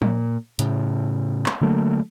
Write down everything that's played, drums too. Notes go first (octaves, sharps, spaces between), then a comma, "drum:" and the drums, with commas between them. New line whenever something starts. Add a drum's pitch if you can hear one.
A#2, drum: tom F3
A2 C#3, drum: hi-hat
drum: clap
D3 F#3 A3 A#3